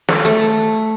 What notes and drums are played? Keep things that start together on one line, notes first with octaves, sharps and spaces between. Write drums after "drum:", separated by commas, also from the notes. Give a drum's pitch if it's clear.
A4, drum: snare
A3